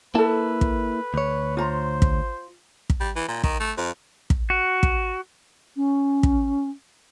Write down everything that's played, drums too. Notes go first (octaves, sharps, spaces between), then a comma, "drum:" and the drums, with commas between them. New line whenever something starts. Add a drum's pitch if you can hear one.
A#3 E4 A4 B4 A5
drum: kick
D2 C#5
F4 C5 A#5
drum: kick
drum: kick
G3
E3
A#2
D#3, drum: kick
A3
F2
drum: kick
F#4
drum: kick
C#4
drum: kick